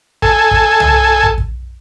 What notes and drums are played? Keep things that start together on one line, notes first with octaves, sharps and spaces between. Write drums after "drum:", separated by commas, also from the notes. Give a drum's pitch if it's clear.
A4 G#5, drum: kick
drum: kick
drum: tom
drum: kick
drum: kick